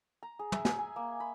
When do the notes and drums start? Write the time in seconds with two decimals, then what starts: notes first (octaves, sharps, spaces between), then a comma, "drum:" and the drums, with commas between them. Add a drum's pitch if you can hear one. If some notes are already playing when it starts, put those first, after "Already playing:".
0.23 A#5
0.39 G#4
0.52 E5, drum: tom
0.65 G#4, drum: snare
0.78 G#5
0.96 A#3
1.20 B5